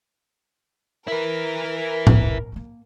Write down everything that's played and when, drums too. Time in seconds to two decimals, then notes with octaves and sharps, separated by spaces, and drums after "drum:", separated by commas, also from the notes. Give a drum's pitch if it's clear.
1.08 E4 A#4 B4
2.07 E1 C2, drum: tom A2
2.52 A3 A#3